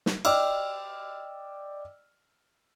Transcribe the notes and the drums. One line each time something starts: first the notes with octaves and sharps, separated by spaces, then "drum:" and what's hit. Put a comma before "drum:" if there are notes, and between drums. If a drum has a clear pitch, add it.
drum: snare
D5 D#5 G5 D6 E6 F6, drum: cymbal